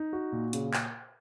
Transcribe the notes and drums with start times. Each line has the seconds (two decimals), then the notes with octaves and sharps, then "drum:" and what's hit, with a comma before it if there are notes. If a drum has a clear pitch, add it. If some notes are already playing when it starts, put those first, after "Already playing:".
Already playing: D#4
0.13 F#4
0.32 A#2
0.53 C#3, drum: hi-hat
0.74 drum: clap